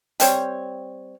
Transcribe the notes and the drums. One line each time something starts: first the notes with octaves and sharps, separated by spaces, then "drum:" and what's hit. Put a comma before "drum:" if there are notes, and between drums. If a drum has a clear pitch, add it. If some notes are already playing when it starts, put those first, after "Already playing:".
G3 C4 C#5, drum: hi-hat